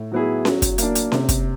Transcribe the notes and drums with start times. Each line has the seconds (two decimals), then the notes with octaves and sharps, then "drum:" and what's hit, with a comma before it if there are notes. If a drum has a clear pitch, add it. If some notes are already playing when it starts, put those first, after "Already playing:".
Already playing: A2
0.12 F#3 B3 E4 G#4
0.45 F#3, drum: snare C#4
0.62 drum: kick, hi-hat
0.78 A#3 D4, drum: hi-hat
0.95 drum: hi-hat
1.12 C3, drum: snare C#4
1.29 drum: kick, hi-hat